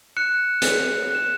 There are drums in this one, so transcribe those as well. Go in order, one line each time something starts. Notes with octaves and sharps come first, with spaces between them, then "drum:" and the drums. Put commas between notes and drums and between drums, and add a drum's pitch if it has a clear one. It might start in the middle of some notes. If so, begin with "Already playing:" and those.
F#6 C#7 E7
drum: hi-hat
F#6 E7